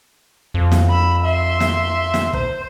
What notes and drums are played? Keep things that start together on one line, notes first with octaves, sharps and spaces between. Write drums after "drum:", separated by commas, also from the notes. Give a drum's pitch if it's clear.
F2
drum: snare
B5 E6
E5 C6
drum: snare
drum: snare
C5, drum: kick